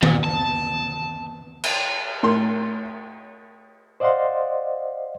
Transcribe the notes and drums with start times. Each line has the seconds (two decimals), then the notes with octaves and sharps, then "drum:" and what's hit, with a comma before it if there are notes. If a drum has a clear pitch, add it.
0.03 A#2, drum: tom D#3
0.24 A5
1.64 drum: cymbal
2.23 A2 A#4 C6
4.00 C5 D5 D#5 F5 F#5 C6